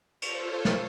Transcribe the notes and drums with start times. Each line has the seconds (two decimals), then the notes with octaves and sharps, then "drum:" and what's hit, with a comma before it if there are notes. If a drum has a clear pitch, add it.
0.22 F4 A4 C5 C#5, drum: cymbal
0.65 drum: snare